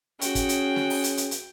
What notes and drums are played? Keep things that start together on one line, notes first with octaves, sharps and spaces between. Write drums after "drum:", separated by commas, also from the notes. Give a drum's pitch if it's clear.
C#4 F#4 G#4 G5, drum: hi-hat
drum: kick, hi-hat
drum: hi-hat
drum: snare
drum: open hi-hat
drum: hi-hat
drum: hi-hat
drum: hi-hat